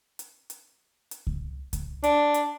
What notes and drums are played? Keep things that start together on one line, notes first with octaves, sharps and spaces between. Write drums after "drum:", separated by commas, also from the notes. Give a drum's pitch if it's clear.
drum: hi-hat
drum: hi-hat
drum: hi-hat
drum: kick C#2
drum: kick C#2, hi-hat
D4, drum: hi-hat
drum: hi-hat